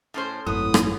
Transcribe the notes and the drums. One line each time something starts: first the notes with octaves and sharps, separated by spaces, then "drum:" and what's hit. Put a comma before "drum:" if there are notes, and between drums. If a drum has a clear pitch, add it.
A2 C#4 C5
G#1 F#2 A2 B3 D#6
drum: rim click